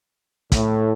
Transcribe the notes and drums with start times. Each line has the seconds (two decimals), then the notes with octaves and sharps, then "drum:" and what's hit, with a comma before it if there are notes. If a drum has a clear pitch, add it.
0.52 A2, drum: kick, hi-hat